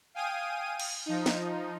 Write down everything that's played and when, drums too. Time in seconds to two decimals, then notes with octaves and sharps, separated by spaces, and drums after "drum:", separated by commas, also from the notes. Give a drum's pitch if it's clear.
0.15 F5 G5 G#5 D#6 D#7
0.80 drum: cymbal
1.06 F3 D#4
1.26 drum: snare